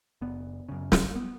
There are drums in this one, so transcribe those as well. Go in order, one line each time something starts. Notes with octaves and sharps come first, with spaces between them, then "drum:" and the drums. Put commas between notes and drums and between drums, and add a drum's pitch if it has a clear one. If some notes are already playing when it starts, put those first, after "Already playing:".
F#1 B3
F#2 C#3
drum: snare
B3